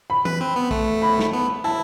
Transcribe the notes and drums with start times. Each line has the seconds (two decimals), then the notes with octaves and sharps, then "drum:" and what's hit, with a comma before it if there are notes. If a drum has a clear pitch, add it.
0.10 B5
0.25 B4, drum: tom E3
0.41 C4
0.56 B3
0.71 A3, drum: kick
1.02 B5
1.19 drum: snare
1.33 B3
1.64 E4 A5